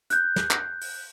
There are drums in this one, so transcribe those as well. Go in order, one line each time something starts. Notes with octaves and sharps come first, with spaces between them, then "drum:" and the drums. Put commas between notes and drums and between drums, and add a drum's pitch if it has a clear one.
F#6 G6, drum: hi-hat
drum: snare
drum: clap
drum: open hi-hat